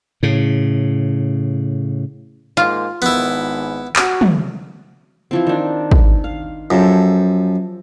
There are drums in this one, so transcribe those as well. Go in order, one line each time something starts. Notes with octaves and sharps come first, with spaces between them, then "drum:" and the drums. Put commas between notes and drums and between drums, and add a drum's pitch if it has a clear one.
A2 C#3
G#2 A#3 F4
G#1 B3 E4
F#4, drum: clap
drum: tom
E3 F3 C4
D#3 D4
drum: kick
F5
F#2 F3 G4 A4